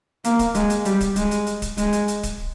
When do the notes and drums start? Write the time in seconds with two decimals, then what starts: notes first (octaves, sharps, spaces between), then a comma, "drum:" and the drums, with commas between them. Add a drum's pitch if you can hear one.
0.25 A#3, drum: hi-hat
0.39 drum: kick D1, hi-hat
0.55 G#3, drum: hi-hat
0.70 drum: hi-hat
0.85 G3, drum: hi-hat
1.01 drum: kick D1, hi-hat
1.16 G#3, drum: hi-hat
1.31 drum: hi-hat
1.47 drum: hi-hat
1.62 drum: kick D1, hi-hat
1.78 G#3, drum: hi-hat
1.93 drum: hi-hat
2.08 drum: hi-hat
2.23 drum: kick D1, hi-hat